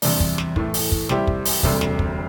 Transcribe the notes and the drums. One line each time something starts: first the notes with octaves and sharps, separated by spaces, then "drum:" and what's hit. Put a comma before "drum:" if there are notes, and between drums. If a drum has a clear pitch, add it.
E2 C3 G3 D4, drum: open hi-hat
drum: kick
drum: snare
A2 E3 A3, drum: kick
drum: open hi-hat
drum: kick
C3 G3 C4 E4 G4, drum: snare
drum: kick
drum: open hi-hat
E1 D2 C3 G3, drum: kick
drum: snare
drum: kick